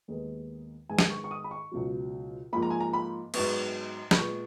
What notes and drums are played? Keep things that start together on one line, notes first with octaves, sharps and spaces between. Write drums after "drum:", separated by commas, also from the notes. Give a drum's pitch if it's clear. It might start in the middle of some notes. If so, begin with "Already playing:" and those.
D#2 D#3 G#3 B3
G#2 D#3 G#3 B3 G#5
drum: snare
C#6
C#6
D#6
B5
C#6
C#2 B2 F#3
G#2 F3 A#3 B5
A#5
G#5
A#5
B5
G#2 F#3 B3 C#6, drum: cymbal
B5, drum: snare
A#2 G#3 B3 C#6